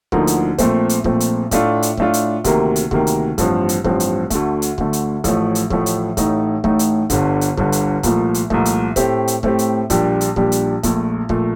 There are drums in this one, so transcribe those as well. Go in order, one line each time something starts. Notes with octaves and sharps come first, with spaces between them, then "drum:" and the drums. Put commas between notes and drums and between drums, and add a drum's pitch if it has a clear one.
D2 D3 F3 A#3 D#4, drum: kick
drum: hi-hat
A#1 A#2 A3 C4, drum: kick, hi-hat
drum: hi-hat
A#1 A#2 A3 C4, drum: kick
drum: hi-hat
A2 A3 D4 F4, drum: kick, hi-hat
drum: hi-hat
A2 A3 D4 F4, drum: kick
drum: hi-hat
D2 C3 D#3 A#3, drum: kick, hi-hat
drum: hi-hat
D2 C3 D#3 A#3, drum: kick
drum: hi-hat
A1 G2 F3 C4, drum: kick, hi-hat
drum: hi-hat
A1 G2 F3 C4, drum: kick
drum: hi-hat
D2 D3 A3, drum: kick, hi-hat
drum: hi-hat
D2 D3 A3, drum: kick
drum: hi-hat
A1 A2 F3 A3, drum: kick, hi-hat
drum: hi-hat
A1 A2 F3 A3, drum: kick
drum: hi-hat
A1 A2 A3 D#4, drum: kick, hi-hat
A1 A2 A3 D#4, drum: kick
drum: hi-hat
G1 G2 D3, drum: kick, hi-hat
drum: hi-hat
G1 G2 D3, drum: kick
drum: hi-hat
C2 A#2 F3 A3, drum: kick, hi-hat
drum: hi-hat
C2 A#2 F3 A3, drum: kick
drum: hi-hat
A2 A3 C4 G4, drum: kick, hi-hat
drum: hi-hat
A2 A3 C4 G4, drum: kick
drum: hi-hat
A#1 A#2 G3 D4 G4, drum: kick, hi-hat
drum: hi-hat
A#1 A#2 G3 D4 G4, drum: kick
drum: hi-hat
A#1 A#2 A3, drum: kick, hi-hat
A#1 A#2 A3, drum: kick